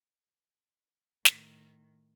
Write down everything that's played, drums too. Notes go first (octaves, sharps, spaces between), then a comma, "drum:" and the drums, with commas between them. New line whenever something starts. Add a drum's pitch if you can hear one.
A2 D#3, drum: snare